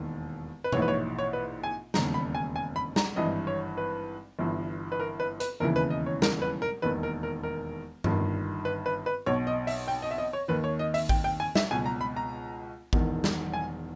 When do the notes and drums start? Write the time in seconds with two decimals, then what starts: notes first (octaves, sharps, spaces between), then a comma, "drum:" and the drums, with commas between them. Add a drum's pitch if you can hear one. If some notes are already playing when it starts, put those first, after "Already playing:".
Already playing: E1 D#2 D#3
0.64 B4
0.72 A#1 G#2 E3 C#5, drum: tom B2
0.82 B4
0.88 C#5
1.19 C#5
1.33 B4
1.64 G#5
1.94 E1 D#2 C#3 A#5, drum: snare
2.14 B5
2.35 G#5
2.56 G#5
2.76 B5
2.96 A#5, drum: snare
3.16 G#1 G2 E3 D#5
3.47 C#5
3.77 B4
4.39 G1 G2 E3
4.92 B4
5.00 A#4
5.20 B4
5.40 B4, drum: hi-hat
5.60 E1 D#2 C#3 E3 A#4
5.76 B4
5.90 D#5
6.06 C#5
6.22 A#4, drum: snare
6.42 B4
6.62 A#4
6.82 E1 D#2 D#3 B4
7.03 A#4
7.23 A#4
7.43 A#4
8.04 G1 G2 D#3, drum: tom G2
8.65 B4
8.86 B4
9.06 B4
9.26 B1 B2 C#5
9.47 D#5
9.67 E5, drum: open hi-hat
9.88 G5
10.02 D#5
10.11 E5
10.18 D#5
10.33 C#5
10.48 D#2 D#3 B4
10.64 C#5
10.79 D#5
10.94 E5, drum: open hi-hat
11.09 G5, drum: kick A1
11.24 G5
11.40 G#5
11.55 E5, drum: snare
11.71 C#2 B2 G#5
11.86 A#5
12.01 B5
12.16 A#5
12.93 E1 E2 D#3, drum: kick A1
13.24 drum: snare
13.53 G#5